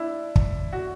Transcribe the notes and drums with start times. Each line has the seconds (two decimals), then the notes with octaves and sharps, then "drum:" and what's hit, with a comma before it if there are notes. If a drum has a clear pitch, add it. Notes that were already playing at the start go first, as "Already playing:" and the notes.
Already playing: D4 E4
0.36 drum: kick
0.73 F#4